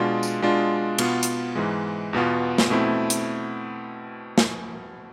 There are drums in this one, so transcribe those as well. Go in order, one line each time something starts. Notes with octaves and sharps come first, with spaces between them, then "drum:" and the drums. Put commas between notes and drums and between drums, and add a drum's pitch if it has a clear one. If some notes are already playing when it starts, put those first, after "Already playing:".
Already playing: B2 G#3 D4 F4
drum: tambourine
B2 G#3 D4 F4
B2 B3 F4, drum: cymbal
drum: hi-hat
G#2 E3 G#3
E2 B2 B3 F4
drum: snare
B2 A3 C4 E4
drum: hi-hat
drum: snare